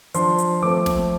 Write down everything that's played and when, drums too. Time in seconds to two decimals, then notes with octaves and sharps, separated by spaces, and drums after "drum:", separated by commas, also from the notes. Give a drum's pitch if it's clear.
0.14 F3 D4 C6, drum: hi-hat
0.39 drum: hi-hat
0.62 F3 A3 C4 D6
0.86 drum: snare